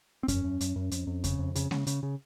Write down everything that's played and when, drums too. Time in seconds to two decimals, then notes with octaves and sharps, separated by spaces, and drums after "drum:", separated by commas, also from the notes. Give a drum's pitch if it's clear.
0.23 C4
0.28 F#2 C#4, drum: kick E2, hi-hat
0.44 F#2
0.61 F#2, drum: hi-hat
0.76 F#2
0.91 F2, drum: hi-hat
1.07 F2
1.24 C#3, drum: kick E2, hi-hat
1.39 F2
1.55 C#3, drum: hi-hat
1.71 C#3, drum: snare G#3
1.87 C#3, drum: hi-hat
2.03 C#3